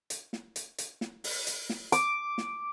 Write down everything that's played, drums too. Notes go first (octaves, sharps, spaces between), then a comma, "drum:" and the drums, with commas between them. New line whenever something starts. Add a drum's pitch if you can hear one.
drum: hi-hat
drum: snare
drum: hi-hat
drum: hi-hat
drum: snare
drum: open hi-hat
drum: hi-hat
drum: snare
D6, drum: hi-hat
drum: snare